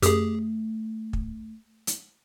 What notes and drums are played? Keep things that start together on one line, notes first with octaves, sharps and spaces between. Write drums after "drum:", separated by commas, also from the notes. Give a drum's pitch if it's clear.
F#2 A3 G4 G#4 D#6, drum: hi-hat
drum: kick
drum: hi-hat